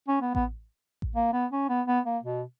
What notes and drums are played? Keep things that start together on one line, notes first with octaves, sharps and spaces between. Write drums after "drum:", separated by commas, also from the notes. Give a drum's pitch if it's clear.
C#4
B3
B3, drum: kick A1
drum: kick A1
A#3
B3
C#4
B3
B3
A#3
B2